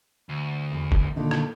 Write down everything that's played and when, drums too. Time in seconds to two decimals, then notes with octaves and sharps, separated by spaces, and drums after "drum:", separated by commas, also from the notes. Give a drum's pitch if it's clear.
0.29 D2
0.72 E2
0.92 drum: kick
1.16 A#2 D3 D#3
1.31 drum: rim click